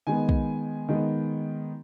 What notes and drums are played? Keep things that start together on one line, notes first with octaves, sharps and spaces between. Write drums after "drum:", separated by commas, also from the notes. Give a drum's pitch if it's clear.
D#3 G#3 B3 G#5
drum: kick
D#3 G#3 B3